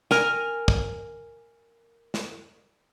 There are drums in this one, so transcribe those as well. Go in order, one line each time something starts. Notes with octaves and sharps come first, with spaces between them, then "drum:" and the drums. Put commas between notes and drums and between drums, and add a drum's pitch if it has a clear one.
A#4 G#5, drum: snare
drum: kick
drum: snare